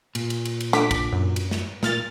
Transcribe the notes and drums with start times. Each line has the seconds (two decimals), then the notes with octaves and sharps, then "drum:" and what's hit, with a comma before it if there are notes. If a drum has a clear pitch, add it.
0.15 A#2, drum: cymbal
0.30 drum: cymbal
0.45 drum: cymbal
0.60 drum: cymbal
0.73 D3 D6 B6, drum: snare
0.91 drum: kick, cymbal
1.13 F#2
1.36 drum: cymbal
1.51 drum: snare
1.83 A#2 F6 A6, drum: snare